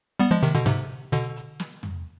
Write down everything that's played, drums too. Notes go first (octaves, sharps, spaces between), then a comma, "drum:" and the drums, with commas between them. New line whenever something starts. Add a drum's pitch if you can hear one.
G3 B3, drum: hi-hat
F3 G#3
C3 D#3, drum: hi-hat
B2 D3
G#2 C3, drum: snare
B2 D3, drum: hi-hat
drum: hi-hat
drum: snare
drum: tom